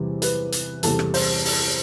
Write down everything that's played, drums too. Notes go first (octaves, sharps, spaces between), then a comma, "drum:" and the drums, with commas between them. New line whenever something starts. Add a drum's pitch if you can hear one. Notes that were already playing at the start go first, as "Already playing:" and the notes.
Already playing: E2 C3 E3 G3
B4, drum: hi-hat
drum: hi-hat
E2 C3 G3 A4, drum: hi-hat
drum: rim click
C5, drum: open hi-hat
drum: open hi-hat